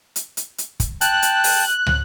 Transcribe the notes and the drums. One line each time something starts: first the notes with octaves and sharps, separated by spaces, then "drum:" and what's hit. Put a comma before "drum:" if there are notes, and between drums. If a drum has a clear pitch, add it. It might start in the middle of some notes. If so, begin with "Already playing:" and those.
drum: hi-hat
drum: hi-hat
drum: hi-hat
drum: kick, hi-hat
G5 A5 F#6, drum: hi-hat
drum: hi-hat
drum: open hi-hat
drum: tom